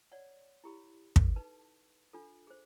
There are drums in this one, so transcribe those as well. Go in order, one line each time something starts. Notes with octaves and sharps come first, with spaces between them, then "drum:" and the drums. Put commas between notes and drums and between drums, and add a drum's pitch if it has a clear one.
C#5 D5 F#5
E4 G4 B5
A4 B4, drum: kick
D#4 B4 A5
D4 F4 A4
G#4 C5